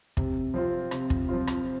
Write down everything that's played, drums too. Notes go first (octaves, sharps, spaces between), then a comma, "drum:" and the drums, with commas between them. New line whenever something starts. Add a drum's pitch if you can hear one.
C3, drum: kick
F3 C4 F4
C3, drum: rim click
drum: kick
F3 C4 F4
drum: rim click